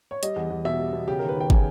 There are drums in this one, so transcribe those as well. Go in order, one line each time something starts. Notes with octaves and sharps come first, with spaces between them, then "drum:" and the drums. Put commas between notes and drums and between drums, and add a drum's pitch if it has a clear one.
C#5
G3 D#5, drum: hi-hat
E2
E2
B2 E5
G3
B2
C#3 G4
D#2 A#4
B4
D#2 G5
C#3 G#5, drum: kick